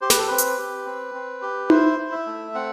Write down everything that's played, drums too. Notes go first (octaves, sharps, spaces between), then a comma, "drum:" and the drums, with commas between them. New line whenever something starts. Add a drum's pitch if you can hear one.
G4 C5
B4, drum: snare
A4
C4 B4
drum: hi-hat
G4
C4
C4
G4
E4 C5, drum: tom D#4
E4
E5
A3
C4 F#5